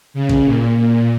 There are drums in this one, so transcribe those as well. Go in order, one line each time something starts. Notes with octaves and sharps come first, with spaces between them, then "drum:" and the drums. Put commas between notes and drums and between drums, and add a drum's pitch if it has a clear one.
C#3
drum: kick
A#2
A#2